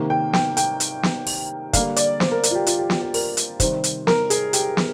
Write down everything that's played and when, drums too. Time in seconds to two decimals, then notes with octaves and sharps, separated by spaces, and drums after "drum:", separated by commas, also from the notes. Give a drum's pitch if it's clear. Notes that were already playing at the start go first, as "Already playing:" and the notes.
Already playing: C3 D#3 A#3
0.10 G5
0.33 G5, drum: snare
0.57 G5, drum: hi-hat
0.80 drum: hi-hat
1.03 drum: snare
1.27 drum: open hi-hat
1.73 D3 G3 A#3 F5, drum: kick, hi-hat
1.96 D5, drum: hi-hat
2.20 C5, drum: snare
2.32 A#4
2.43 A#4, drum: hi-hat
2.51 F4
2.55 G4
2.67 F4, drum: hi-hat
2.78 G4
2.90 G4, drum: snare
3.02 G4
3.14 A#4, drum: open hi-hat
3.37 drum: hi-hat
3.60 C3 D#3 G3 C5, drum: kick, hi-hat
3.84 drum: hi-hat
4.07 A#4, drum: snare
4.30 G#4, drum: hi-hat
4.53 G4, drum: hi-hat
4.77 drum: snare